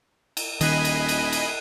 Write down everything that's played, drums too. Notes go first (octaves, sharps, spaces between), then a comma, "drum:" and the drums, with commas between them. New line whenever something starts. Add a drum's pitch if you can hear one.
drum: cymbal
D#1 D#3 D#5 G#5 B5 F#6 C7 D#7, drum: cymbal
drum: cymbal
drum: cymbal
drum: cymbal